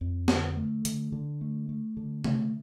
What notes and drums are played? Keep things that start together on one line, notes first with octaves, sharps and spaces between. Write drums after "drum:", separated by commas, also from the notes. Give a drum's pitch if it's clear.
F2
D3, drum: snare
A3
D3, drum: hi-hat
D3
A3
A3
D3
A3, drum: tom C3